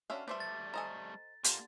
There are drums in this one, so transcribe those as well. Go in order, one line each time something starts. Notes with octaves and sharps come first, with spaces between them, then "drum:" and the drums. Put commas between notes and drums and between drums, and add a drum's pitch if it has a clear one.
D3 F#3 C#4 D4 E5 F5
G3 A3 A4 B4 C5 D5 E5
A6
A4 C5 D#5 G#5 A#5
D3 A#3 F4 G4, drum: hi-hat